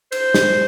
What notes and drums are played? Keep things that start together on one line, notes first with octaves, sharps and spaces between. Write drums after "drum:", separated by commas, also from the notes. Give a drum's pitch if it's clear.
C5, drum: cymbal
drum: snare